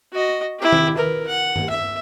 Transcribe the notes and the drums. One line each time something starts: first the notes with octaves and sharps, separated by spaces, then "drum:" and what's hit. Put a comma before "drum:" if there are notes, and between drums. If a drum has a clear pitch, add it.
F#4 D#5
E4 G4
drum: tom D#3
A#4 B4
F#5
drum: tom
E5